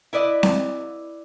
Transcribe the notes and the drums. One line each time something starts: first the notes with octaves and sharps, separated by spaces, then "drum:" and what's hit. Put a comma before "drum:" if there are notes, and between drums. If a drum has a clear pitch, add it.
E4 B4 D5 D#5
drum: snare C4